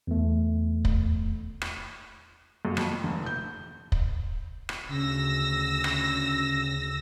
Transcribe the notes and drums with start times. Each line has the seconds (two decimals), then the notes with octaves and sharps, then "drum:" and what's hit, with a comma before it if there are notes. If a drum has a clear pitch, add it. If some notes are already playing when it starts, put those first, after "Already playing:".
0.07 E2 A3
0.85 drum: kick
1.61 drum: rim click
2.65 F#2
2.77 F2, drum: rim click
3.04 F1
3.26 G6
3.92 drum: kick
4.69 drum: rim click
4.88 D2 C#3 E6 A#6
5.84 drum: rim click